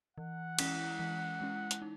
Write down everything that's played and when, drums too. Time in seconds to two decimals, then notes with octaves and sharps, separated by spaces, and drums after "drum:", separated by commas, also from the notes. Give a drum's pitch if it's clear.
0.17 E3 F#5
0.59 G#3 C#4 E4, drum: cymbal
0.99 E3
1.41 G#3 C#4 E4
1.71 drum: hi-hat
1.82 D#4